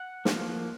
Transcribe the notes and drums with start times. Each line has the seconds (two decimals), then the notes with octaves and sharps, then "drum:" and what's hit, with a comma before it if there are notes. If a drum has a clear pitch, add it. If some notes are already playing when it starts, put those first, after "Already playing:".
Already playing: F#5
0.25 F3 A#3, drum: snare